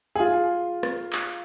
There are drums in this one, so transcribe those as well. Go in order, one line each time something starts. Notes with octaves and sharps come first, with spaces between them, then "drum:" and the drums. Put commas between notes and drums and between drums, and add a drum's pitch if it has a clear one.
G#4
F4
drum: rim click
drum: clap